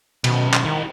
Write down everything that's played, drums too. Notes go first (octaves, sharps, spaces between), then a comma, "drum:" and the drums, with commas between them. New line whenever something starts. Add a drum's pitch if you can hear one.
B1 B2 C#4, drum: cymbal
drum: clap
D#3 E4 G4